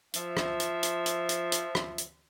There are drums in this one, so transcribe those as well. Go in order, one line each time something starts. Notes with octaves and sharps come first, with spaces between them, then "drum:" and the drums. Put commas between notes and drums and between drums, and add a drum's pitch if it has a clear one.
F3 E5, drum: hi-hat
drum: rim click
drum: hi-hat
drum: hi-hat
drum: hi-hat
drum: hi-hat
drum: hi-hat
drum: rim click
drum: hi-hat